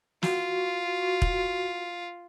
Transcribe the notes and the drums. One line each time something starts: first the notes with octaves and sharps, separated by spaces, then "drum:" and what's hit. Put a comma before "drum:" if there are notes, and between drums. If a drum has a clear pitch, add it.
F4 F#4, drum: snare
drum: kick